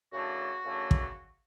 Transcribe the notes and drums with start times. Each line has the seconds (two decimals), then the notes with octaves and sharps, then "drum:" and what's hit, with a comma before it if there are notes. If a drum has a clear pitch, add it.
0.11 F#2 C#3 E3 A3 D4 F#4
0.64 F#2 C#3 E3 A3 D4
0.91 drum: kick